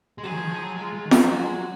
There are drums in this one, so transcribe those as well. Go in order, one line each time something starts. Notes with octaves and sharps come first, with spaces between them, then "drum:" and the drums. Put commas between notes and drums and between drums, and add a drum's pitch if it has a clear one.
G#3
F#3 G#4
D#3
F3
D#3
F3
F#3
G#3 F4
G#3
D#3
F3, drum: snare
F#3 F#4
G#3
F#3